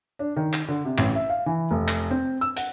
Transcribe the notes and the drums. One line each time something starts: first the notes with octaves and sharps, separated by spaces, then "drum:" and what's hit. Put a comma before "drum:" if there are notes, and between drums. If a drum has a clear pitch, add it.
D4
D#3
drum: clap
D3
C3
A1, drum: clap
E5
F5
E3
F1
drum: clap
C4
E6
F#5, drum: hi-hat